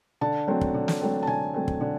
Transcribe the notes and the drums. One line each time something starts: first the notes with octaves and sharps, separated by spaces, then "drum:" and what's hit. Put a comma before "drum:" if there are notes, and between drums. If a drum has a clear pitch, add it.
D3 A5
F#3 A3 C4
drum: kick
D3
drum: snare
F#3 A3 C4
A5
D3 G#5
F#3 A3 C4
drum: kick
D3